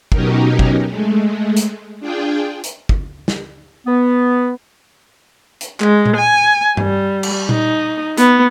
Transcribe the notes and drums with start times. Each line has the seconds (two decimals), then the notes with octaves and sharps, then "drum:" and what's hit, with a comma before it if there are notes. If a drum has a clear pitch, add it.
0.12 B2 F#3 C#4 D#4 G4 A#4, drum: kick
0.59 drum: kick
0.89 G#3 A3
1.57 drum: hi-hat
2.00 D4 F4 G#4 G5
2.64 drum: hi-hat
2.89 drum: kick
3.28 drum: snare
3.86 B3
5.61 drum: hi-hat
5.80 G#3, drum: clap
6.06 drum: tom A#2
6.16 G#5
6.77 G3, drum: tom G2
7.23 drum: cymbal
7.49 D#4, drum: tom A#2
8.17 B3, drum: hi-hat